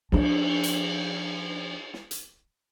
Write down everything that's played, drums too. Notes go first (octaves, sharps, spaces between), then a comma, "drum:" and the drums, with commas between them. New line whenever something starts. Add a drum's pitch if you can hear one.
F3 D4, drum: cymbal
drum: hi-hat
drum: snare
drum: hi-hat